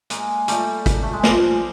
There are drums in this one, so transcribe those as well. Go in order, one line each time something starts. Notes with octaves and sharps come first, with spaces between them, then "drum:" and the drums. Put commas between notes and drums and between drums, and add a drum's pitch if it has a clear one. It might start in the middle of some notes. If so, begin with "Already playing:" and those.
G#3 A#3, drum: hi-hat
G3 A3, drum: hi-hat
drum: kick, hi-hat
A3
G#3
F3 G3, drum: snare